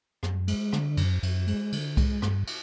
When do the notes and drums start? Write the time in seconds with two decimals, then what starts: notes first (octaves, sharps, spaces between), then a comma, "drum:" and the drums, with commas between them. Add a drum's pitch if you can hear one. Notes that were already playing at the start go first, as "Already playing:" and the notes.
0.23 F#2, drum: rim click
0.48 G#3, drum: cymbal
0.73 D3, drum: rim click
0.97 F#2, drum: cymbal
1.23 F#2, drum: cymbal
1.47 G#3, drum: cymbal
1.72 D3, drum: cymbal
1.97 G#3, drum: kick C2, cymbal
2.22 G2, drum: rim click
2.47 drum: cymbal